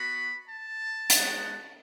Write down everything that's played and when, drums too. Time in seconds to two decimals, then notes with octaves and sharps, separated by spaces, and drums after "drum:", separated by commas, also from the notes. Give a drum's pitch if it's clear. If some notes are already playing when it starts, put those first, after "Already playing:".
Already playing: B3 F#4 B5
0.49 A5
1.10 G#3 B3 F#4, drum: hi-hat